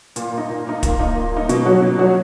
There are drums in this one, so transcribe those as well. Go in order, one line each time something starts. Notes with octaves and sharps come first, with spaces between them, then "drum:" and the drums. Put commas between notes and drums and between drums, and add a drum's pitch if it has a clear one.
A#2, drum: hi-hat
A#3 D#4
A#2
A#3 D#4
A#2, drum: kick, hi-hat
A#3 D#4
A#2
A#3 D#4
B2, drum: hi-hat
F#3 C#4 F#4
B2
F#3 C#4 F#4